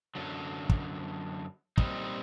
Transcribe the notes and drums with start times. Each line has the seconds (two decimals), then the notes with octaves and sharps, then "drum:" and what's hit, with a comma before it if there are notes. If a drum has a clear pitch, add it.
0.15 F#2 D3 F#3
0.69 drum: kick
1.78 A#2 G3 C4 D#4, drum: kick